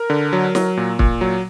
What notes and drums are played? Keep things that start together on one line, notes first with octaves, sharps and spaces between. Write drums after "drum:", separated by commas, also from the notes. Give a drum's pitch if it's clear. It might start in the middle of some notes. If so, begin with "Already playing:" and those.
Already playing: A#4
D3
F#3
F#3, drum: snare
A#2
A#2, drum: kick
F#3